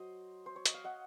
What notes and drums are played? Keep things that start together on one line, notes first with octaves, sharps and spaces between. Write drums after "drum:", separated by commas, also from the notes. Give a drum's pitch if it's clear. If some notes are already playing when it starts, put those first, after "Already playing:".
Already playing: F#3 C5 D#5
C5
C#5
D#5, drum: hi-hat
F5
D#5 F#5